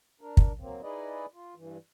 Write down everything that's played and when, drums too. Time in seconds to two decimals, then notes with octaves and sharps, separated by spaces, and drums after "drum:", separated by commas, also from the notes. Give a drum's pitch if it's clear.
0.21 D4 A#4
0.37 drum: kick
0.60 F#3 A#3 C4
0.83 D#4 E4 G#4 B4 D5 D#5
1.34 F4
1.55 G2 E3